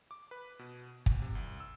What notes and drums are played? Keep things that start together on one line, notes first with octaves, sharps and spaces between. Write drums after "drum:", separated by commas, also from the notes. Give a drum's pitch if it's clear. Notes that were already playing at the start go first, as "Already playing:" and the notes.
D6
B4
B2
D2, drum: kick
C3
C2
E6